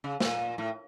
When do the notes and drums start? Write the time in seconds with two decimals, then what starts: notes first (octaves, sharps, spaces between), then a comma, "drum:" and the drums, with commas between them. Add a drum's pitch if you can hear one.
0.04 C#3
0.20 A#2, drum: snare
0.58 A2